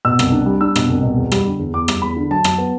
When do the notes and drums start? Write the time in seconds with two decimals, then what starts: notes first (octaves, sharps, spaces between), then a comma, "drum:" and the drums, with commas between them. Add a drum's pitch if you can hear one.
0.05 B2 E6
0.19 C2, drum: rim click
0.32 D4
0.46 G3
0.61 D4 E6
0.76 B2, drum: rim click
0.90 C2
1.03 B2
1.17 E2
1.32 G3, drum: rim click
1.45 D3
1.59 E2
1.74 E2 D6
1.88 G3, drum: rim click
2.02 E2 B5
2.17 D3
2.30 F#3 A5
2.44 F#3, drum: rim click
2.58 B3